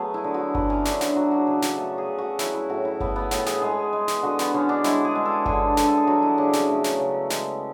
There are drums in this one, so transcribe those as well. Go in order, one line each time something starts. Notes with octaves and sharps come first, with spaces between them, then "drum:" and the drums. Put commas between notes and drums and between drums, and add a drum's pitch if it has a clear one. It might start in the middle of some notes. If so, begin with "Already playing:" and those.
Already playing: F#3 A3 B3 G#4
E4
D3
F#4
A3 B3, drum: kick G1
C#4
D3 D4, drum: snare
F#4, drum: snare
F#3 F#4
F#4
C#3 G#4
drum: snare
A3 A4
G#4
C#3
F#4
F#3 E4, drum: snare
E4
A2 F#4
E4
A3 B3, drum: kick G1
B3
A2 B3, drum: snare
G#4, drum: snare
G#3 G#4
G#3
drum: snare
D3 F#4
B3, drum: snare
D3 C#4
D4
G#3 E4, drum: snare
G#4
G#3
A4
D3 G#4, drum: kick G1
D3, drum: snare
A4
G#4
F#3 F#4
E4
C#3 D4
C#4, drum: snare
A3
drum: snare
C#3
G#3, drum: snare